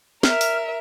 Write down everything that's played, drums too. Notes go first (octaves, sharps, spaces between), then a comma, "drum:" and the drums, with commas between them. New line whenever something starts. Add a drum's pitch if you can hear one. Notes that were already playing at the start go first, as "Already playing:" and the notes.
A#4 E5 F6, drum: snare
drum: open hi-hat